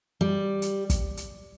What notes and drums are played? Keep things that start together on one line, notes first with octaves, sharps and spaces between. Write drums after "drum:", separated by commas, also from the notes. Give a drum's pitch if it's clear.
G3
drum: hi-hat
drum: kick, hi-hat
drum: hi-hat